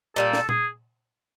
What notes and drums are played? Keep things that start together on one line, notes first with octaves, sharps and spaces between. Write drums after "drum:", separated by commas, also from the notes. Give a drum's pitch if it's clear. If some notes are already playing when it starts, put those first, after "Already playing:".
A#2 G3 A#3 A4
drum: snare
G#4, drum: tom A#2